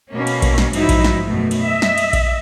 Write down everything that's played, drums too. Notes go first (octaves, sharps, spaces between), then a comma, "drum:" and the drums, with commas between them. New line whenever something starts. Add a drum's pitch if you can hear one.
B2 A#3 C#4
drum: cymbal
drum: kick A#1, cymbal
drum: snare
G#2 F3 F#3 D#4 E4, drum: cymbal
drum: kick A#1, cymbal
drum: snare
F#2 B2 A3
drum: cymbal
D#5 E5
drum: snare
drum: cymbal
drum: kick A#1, cymbal